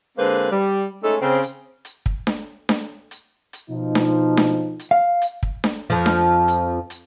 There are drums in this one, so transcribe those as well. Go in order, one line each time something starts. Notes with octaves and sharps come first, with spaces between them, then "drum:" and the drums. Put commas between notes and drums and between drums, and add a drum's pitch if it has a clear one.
D3 G#3 A#3 C4 B4 C5
G3
G#3 A3 C#4 D#4 A4
C#3 C4
drum: hi-hat
drum: hi-hat
drum: kick
drum: snare D4
drum: snare D4
drum: hi-hat
drum: hi-hat
B2 F3 D#4
drum: snare D4
drum: snare D4
drum: hi-hat
F5
drum: hi-hat
drum: kick
drum: snare D4
F2 F3
drum: snare D4
drum: hi-hat
drum: hi-hat